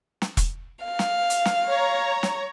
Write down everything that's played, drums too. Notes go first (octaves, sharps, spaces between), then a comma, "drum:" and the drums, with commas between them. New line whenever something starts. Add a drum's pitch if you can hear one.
drum: snare
drum: kick E1, hi-hat
F5
drum: snare
drum: hi-hat
drum: snare
C#5 A#5
drum: snare